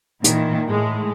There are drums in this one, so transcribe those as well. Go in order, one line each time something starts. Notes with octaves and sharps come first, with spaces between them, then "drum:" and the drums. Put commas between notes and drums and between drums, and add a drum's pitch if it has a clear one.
A#2 D#3 E3, drum: hi-hat
A2 G#3